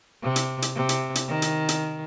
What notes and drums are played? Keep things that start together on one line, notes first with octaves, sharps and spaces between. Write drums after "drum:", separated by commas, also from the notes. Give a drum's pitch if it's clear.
C3
drum: hi-hat
drum: hi-hat
C3
drum: hi-hat
drum: hi-hat
D#3
drum: hi-hat
drum: hi-hat